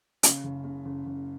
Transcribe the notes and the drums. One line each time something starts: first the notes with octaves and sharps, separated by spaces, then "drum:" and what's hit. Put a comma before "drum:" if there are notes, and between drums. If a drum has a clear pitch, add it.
C#3, drum: hi-hat
F#1
C#3
F#1
F#1